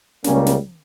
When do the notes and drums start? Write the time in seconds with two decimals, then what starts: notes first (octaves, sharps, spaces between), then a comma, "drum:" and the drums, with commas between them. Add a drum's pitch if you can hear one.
0.24 C#2 C#3 G3 A#3 C#4, drum: snare
0.47 drum: snare